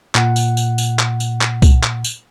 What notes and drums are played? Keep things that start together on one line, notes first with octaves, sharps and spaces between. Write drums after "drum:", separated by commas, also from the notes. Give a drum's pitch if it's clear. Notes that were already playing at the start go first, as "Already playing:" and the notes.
A#2 F#5, drum: clap
drum: tambourine
drum: tambourine
drum: tambourine
drum: clap
drum: tambourine
drum: clap
drum: kick C2, tambourine
drum: clap
drum: tambourine